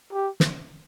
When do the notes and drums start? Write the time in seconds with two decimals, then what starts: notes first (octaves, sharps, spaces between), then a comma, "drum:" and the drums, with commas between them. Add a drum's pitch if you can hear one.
0.13 G4
0.40 drum: snare